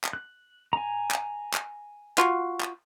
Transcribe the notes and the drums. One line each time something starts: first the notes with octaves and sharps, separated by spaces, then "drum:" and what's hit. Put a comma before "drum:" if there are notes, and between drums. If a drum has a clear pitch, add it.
drum: clap
F#6
G#5 A#5
drum: clap
drum: clap
F4 F#4, drum: clap
drum: clap